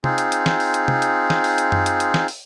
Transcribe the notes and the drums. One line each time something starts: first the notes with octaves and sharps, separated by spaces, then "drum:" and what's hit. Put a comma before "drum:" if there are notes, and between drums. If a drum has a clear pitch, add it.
C4 D#4 F4 G#4, drum: tom
drum: hi-hat
drum: hi-hat
drum: snare
drum: open hi-hat
drum: hi-hat
drum: tom
drum: hi-hat
drum: snare
drum: open hi-hat
drum: hi-hat
drum: tom F#2
drum: hi-hat
drum: hi-hat
drum: snare
drum: open hi-hat